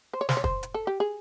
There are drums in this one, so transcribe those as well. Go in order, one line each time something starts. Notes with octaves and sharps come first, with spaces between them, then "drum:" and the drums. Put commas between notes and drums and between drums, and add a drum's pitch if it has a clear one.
C5
C#5
C5, drum: snare
C#5
C5, drum: kick
drum: hi-hat
A4
G4
G#4